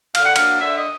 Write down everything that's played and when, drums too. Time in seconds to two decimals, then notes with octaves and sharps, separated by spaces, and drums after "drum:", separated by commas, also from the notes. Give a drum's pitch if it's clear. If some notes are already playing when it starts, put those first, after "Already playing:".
0.15 D3 F5, drum: cymbal
0.25 F#5
0.36 F#3 A#3 D4 F5, drum: cymbal
0.61 D3 E5
0.76 D#5